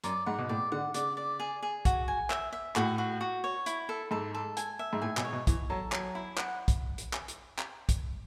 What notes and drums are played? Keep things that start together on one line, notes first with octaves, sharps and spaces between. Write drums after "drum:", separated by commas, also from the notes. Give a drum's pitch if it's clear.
F#2 D5, drum: hi-hat
G#2 F#5
B2
A2 D5
D3 F#5
C#3 D5, drum: hi-hat
D5
G#4
G#4
F#4, drum: kick, hi-hat
G#5
E5, drum: clap
E5
A2 F#4, drum: clap
F#4
F#4
C#5
E4, drum: hi-hat
A4
G#2 A4
A4
G#5, drum: hi-hat
E5
G#2
A2 G#5
B2, drum: clap
C#5
B2
E3 C#5, drum: kick, hi-hat
F#3 A4
F#3 G#5, drum: clap
E4
F#5, drum: clap
drum: kick, hi-hat
drum: hi-hat
drum: clap
drum: hi-hat
drum: clap
drum: kick, hi-hat